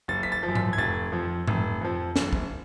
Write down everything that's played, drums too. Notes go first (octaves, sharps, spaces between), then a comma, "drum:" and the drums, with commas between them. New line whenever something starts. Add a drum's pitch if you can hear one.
F#1 A6
B6
A6
F3
F#2
B6, drum: tom G#2
G#6
F1 A6
F2 F3
F1, drum: tom G#2
F2 F3
F#1, drum: snare
drum: kick